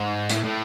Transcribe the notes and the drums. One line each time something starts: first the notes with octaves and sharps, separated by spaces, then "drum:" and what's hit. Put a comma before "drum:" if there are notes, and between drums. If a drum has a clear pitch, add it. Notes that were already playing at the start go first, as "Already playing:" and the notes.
Already playing: G#2
A2, drum: hi-hat
A2